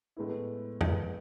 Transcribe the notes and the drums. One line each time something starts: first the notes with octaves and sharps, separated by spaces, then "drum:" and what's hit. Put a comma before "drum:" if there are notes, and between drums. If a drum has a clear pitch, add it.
A2 G#3 B3 E4
A2 G#3 B3 E4, drum: tom